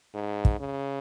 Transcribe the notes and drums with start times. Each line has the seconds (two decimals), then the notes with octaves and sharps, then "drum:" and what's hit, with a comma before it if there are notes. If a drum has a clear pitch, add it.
0.14 G#2
0.45 drum: kick
0.60 C#3